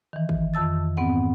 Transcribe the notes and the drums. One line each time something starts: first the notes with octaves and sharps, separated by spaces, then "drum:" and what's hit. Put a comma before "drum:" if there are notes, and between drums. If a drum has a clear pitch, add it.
D#3 E3
drum: kick
F2 D#3 A5 E6 A6
G#2 B3 C4 F#5